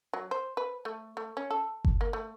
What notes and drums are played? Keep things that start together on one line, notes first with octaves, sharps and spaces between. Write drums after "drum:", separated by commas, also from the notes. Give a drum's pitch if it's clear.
F#3
C5
B4
A3
A3
C#4
A4
drum: kick G1
A#3
A3